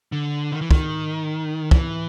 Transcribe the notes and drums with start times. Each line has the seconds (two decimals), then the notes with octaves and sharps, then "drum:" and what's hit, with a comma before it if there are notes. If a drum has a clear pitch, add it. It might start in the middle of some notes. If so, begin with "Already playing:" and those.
0.12 D3
0.52 D#3
0.61 E3
0.71 D#3, drum: kick
1.71 E3, drum: kick